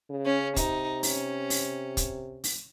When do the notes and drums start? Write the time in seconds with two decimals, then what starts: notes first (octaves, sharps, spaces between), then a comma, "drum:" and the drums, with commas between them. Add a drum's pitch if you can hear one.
0.10 C#3
0.26 C#4
0.56 C3 D#4, drum: kick, hi-hat
1.03 C#4, drum: open hi-hat
1.50 drum: open hi-hat
1.97 drum: kick, hi-hat
2.44 drum: open hi-hat